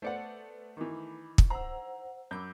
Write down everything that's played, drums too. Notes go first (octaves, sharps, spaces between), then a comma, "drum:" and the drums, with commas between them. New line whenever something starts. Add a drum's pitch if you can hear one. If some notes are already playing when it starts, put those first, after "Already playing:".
A3 B3 C5 D5 F#5 C#7
D#3 E3 B5 D6
drum: kick
C5 F#5 A#5 E6
F#2 B5 D6 E6 G6